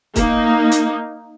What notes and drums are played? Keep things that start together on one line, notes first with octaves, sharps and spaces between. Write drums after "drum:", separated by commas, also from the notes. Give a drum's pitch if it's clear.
A#3 D#4, drum: kick, hi-hat
drum: hi-hat